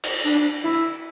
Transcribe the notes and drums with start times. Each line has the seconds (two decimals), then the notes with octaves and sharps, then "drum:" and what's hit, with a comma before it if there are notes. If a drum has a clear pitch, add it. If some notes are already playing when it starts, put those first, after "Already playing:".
0.04 drum: cymbal
0.24 D4
0.64 E4